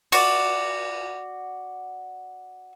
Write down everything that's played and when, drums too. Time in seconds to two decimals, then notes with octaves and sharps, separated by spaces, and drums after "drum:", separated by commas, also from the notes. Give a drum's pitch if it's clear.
0.12 F#4 D5, drum: cymbal